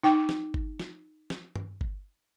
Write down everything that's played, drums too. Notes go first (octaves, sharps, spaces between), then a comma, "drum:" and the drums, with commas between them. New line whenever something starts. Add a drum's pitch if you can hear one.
D#4 G5 D6
drum: snare
drum: kick G1
drum: snare
drum: snare
drum: tom G2
drum: kick G1